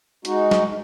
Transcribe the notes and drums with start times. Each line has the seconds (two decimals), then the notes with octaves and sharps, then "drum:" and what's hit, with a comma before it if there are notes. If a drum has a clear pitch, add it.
0.25 G#3 D#4 F#4, drum: hi-hat
0.51 drum: snare